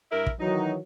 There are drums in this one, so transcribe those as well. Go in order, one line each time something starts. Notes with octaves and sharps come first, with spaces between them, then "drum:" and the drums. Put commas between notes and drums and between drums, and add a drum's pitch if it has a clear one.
G2 E4 A#4
drum: kick
D#3 E3 F#3 D#4